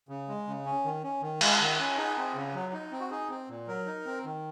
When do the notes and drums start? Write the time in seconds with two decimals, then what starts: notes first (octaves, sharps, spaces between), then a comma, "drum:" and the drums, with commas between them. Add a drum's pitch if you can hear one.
0.09 C#3
0.28 G#3
0.47 C#3
0.65 C#4
0.84 D#3
1.04 C#4
1.22 D#3
1.41 G#3 F5, drum: cymbal
1.60 D#3
1.79 C#4
1.97 D#4 G#4
2.17 C4
2.35 C#3
2.54 F#3
2.73 D#4
2.92 C4
3.00 F#4
3.11 D#4 G#4
3.29 C4
3.49 A#2
3.67 F#3 A#4
3.86 D#4
4.06 C4
4.25 D#3